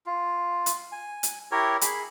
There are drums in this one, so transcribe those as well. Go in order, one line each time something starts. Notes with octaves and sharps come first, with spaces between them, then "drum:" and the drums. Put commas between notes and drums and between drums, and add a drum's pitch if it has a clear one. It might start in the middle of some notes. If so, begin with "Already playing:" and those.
F4
drum: hi-hat
G#5
drum: hi-hat
E4 G4 A#4 C#5
G#4 B5, drum: hi-hat